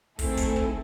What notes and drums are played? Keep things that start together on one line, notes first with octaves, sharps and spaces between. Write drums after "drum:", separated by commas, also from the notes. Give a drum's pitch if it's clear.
D#3 A3 C4 E4 G#4 A4, drum: kick, open hi-hat
drum: kick, hi-hat
drum: kick